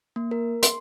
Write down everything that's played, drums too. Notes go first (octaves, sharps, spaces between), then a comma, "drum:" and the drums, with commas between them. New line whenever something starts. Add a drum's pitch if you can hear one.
A#3
A#4
C6, drum: hi-hat